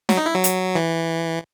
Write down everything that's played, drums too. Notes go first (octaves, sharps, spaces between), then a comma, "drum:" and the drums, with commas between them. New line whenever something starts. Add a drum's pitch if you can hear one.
F#3, drum: snare
D#4
E4
F#3
drum: hi-hat
E3